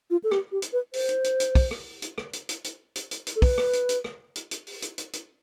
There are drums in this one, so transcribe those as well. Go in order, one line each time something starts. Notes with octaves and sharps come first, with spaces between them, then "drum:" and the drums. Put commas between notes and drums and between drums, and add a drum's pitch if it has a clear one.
F4
A4
G4, drum: rim click
G4
drum: hi-hat
B4
C5, drum: open hi-hat
drum: hi-hat
drum: hi-hat
drum: hi-hat
drum: kick, open hi-hat
drum: rim click
drum: hi-hat
drum: rim click
drum: hi-hat
drum: hi-hat
drum: hi-hat
drum: hi-hat
drum: hi-hat
drum: hi-hat
A4
B4, drum: kick, open hi-hat
drum: rim click
drum: hi-hat
drum: hi-hat
drum: rim click
drum: hi-hat
drum: hi-hat
drum: open hi-hat
drum: hi-hat
drum: hi-hat
drum: hi-hat